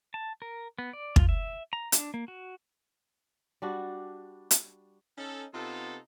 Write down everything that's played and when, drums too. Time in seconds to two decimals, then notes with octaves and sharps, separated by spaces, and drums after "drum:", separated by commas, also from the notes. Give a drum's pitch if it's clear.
0.14 A5
0.42 A#4
0.79 B3
0.93 D5
1.16 F4, drum: kick
1.29 E5
1.73 A#5
1.92 D4, drum: hi-hat
2.14 A#3
2.28 F#4
3.62 G3 D4 F#4
4.51 drum: hi-hat
5.18 C#4 D#4 A4
5.54 C3 B3 D#4 F4 A4